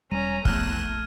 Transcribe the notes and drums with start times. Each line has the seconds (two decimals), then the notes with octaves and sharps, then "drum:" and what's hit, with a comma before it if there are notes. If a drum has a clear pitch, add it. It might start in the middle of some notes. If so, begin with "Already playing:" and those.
0.11 E1 G3 C#4 A#5 D#7
0.45 A#1 E2 A3 F6 F#6 G#6 E7, drum: kick